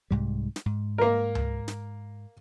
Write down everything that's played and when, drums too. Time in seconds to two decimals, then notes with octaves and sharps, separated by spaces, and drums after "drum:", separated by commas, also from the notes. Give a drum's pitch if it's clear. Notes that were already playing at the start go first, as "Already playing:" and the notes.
0.11 C2 G#2 G3
0.56 drum: snare
0.66 G#2
0.98 A#3 A#4
1.35 drum: tom C#2
1.68 drum: snare